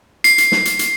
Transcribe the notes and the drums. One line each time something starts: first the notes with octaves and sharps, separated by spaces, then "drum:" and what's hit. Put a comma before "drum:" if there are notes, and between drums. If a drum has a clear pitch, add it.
C7, drum: hi-hat
drum: hi-hat
drum: snare
drum: hi-hat
drum: hi-hat